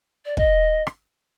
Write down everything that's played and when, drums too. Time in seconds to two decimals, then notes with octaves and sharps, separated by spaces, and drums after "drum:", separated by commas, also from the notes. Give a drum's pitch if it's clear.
0.25 D5
0.37 D#5, drum: kick
0.87 drum: rim click